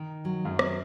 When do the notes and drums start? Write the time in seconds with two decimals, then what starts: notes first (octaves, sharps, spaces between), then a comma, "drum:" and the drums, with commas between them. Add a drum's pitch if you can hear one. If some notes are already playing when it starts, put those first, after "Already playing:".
Already playing: D#3
0.25 F#3
0.45 F#2
0.59 drum: rim click